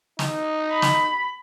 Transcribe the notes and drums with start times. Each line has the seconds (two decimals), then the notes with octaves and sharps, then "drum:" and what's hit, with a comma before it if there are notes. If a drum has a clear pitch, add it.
0.19 D#4, drum: snare
0.72 B5
0.82 drum: snare